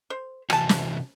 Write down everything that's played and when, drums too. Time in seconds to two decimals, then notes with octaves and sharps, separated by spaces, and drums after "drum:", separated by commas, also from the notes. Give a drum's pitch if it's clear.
0.10 C5
0.50 C3 E3 F#4 G#5 A5, drum: rim click
0.69 drum: snare